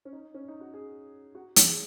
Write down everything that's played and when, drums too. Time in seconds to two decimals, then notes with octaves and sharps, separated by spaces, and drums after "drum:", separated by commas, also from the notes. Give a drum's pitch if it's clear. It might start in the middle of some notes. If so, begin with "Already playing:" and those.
0.05 C#4
0.13 D#4
0.34 C#4
0.48 D#4
0.61 F#4
0.74 G#4
1.35 F#4
1.56 drum: hi-hat
1.66 G#4